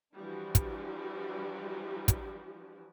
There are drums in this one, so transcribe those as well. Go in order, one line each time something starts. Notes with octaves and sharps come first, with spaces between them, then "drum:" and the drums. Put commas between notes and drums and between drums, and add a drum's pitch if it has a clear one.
E3 F3 G3 D4 F#4
drum: kick, hi-hat
drum: kick, hi-hat